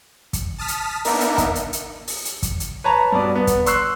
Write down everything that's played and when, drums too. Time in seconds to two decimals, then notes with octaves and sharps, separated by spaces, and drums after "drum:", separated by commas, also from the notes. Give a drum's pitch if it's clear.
0.33 drum: kick, hi-hat
0.58 A5 D#6 F6 B6
0.68 drum: hi-hat
1.05 A#3 B3 D4 D#4 A#4 E5, drum: open hi-hat
1.20 drum: hi-hat
1.38 drum: kick, hi-hat
1.55 drum: hi-hat
1.73 drum: hi-hat
2.08 drum: open hi-hat
2.25 drum: hi-hat
2.43 drum: kick, hi-hat
2.60 drum: hi-hat
2.84 B4 C#5 A5 A#5
3.12 G2 B2 D5
3.35 B3
3.47 drum: kick, hi-hat
3.66 C6 C#6 E6 F#6 C7, drum: hi-hat